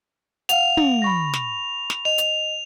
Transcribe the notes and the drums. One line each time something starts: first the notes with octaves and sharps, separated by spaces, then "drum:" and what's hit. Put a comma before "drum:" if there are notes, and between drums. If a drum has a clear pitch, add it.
F5 F#5 F7, drum: hi-hat
drum: tom
B5 C#6 A#6
drum: snare
drum: snare
D#5 F7
drum: hi-hat